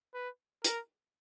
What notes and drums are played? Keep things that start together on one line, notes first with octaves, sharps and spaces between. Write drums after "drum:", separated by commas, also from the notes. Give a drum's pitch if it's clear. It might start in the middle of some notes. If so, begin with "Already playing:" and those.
B4
A#4, drum: hi-hat